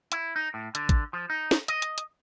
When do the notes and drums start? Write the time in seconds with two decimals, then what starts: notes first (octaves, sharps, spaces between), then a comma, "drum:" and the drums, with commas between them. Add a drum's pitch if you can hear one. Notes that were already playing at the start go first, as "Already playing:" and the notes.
0.12 E4, drum: hi-hat
0.36 D#4
0.54 A2
0.75 D3, drum: hi-hat
0.89 drum: kick A1, hi-hat
1.13 F3
1.30 D#4
1.51 drum: snare
1.68 D#5, drum: hi-hat
1.82 drum: hi-hat
1.98 drum: hi-hat